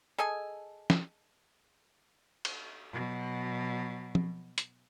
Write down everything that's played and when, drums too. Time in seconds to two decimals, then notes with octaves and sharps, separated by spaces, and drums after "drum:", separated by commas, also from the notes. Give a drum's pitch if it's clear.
0.18 G#4 A4 D#5 G#5
0.90 drum: snare
2.45 drum: cymbal
2.92 B2 F#3
4.15 drum: tom F3
4.58 drum: hi-hat